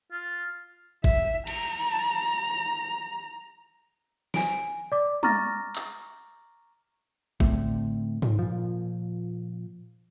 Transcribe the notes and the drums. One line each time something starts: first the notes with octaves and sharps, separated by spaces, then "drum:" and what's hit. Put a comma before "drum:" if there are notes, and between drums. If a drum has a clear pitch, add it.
F4
E5, drum: kick G1
A#5, drum: cymbal
G#5 D7, drum: snare
D5 D6
A#5 C#6 D6 F6 A6 A#6, drum: tom
drum: clap
A2 D3 A3 C4, drum: kick G1
drum: tom
A#2 F3